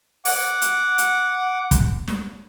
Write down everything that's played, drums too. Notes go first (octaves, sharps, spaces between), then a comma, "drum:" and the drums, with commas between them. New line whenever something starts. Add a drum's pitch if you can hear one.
F#5 D6, drum: open hi-hat
drum: hi-hat
drum: hi-hat
drum: kick, hi-hat
drum: snare